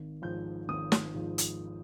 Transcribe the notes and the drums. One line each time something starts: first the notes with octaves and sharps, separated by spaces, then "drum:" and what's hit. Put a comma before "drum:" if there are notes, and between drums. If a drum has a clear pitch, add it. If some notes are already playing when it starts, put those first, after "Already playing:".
Already playing: G#1
G#2 F3 G6
G#1 D#6
drum: snare
G#2 F3
drum: hi-hat